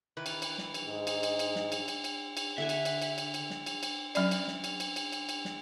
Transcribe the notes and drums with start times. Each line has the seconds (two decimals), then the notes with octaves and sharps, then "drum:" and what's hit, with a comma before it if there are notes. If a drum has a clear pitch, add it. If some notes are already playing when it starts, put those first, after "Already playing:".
0.17 D#3 E3 B4
0.26 drum: cymbal
0.42 drum: cymbal
0.58 drum: snare
0.74 drum: cymbal
0.86 G#2 D#5
1.07 drum: cymbal
1.23 drum: cymbal
1.39 drum: cymbal
1.56 drum: snare
1.72 drum: cymbal
1.88 drum: cymbal
2.04 drum: cymbal
2.37 drum: cymbal
2.58 D3 E5 F#5 G#5
2.69 drum: cymbal
2.85 drum: cymbal
3.02 drum: cymbal
3.18 drum: cymbal
3.34 drum: cymbal
3.50 drum: snare
3.66 drum: cymbal
3.83 drum: cymbal
4.15 F#3 C#4 D5, drum: cymbal
4.31 drum: cymbal
4.48 drum: snare
4.64 drum: cymbal
4.80 drum: cymbal
4.96 drum: cymbal
5.12 drum: cymbal
5.29 drum: cymbal
5.45 drum: snare